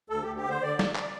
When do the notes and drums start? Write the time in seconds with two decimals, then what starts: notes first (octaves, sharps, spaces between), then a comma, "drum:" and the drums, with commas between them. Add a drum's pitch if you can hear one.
0.10 D2 A4
0.23 G4
0.27 D2
0.36 G4
0.45 D3 C5
0.62 D3 D5
0.79 D2, drum: snare
0.95 drum: clap